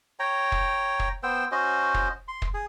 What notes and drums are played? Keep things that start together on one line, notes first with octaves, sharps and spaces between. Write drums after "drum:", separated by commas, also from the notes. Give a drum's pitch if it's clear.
C#5 G5 A#5
drum: kick
drum: kick
B3 C5 G5 E6
C#4 F#4 C5 D#5
drum: kick
C6
drum: kick
G#4